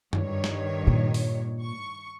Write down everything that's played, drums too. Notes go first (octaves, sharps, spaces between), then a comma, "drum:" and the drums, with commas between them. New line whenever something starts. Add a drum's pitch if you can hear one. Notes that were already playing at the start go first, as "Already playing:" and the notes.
G2 D#3 C#5, drum: tom F#2
drum: snare
A#2
drum: open hi-hat
C#6